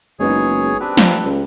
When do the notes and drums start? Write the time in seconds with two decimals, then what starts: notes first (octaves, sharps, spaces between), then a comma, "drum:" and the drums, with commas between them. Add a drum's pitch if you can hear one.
0.20 F#1 G#3 B3 D#4 G#4 C#5
0.81 C4 D4 G4 B4
0.97 F3, drum: snare
1.25 C#2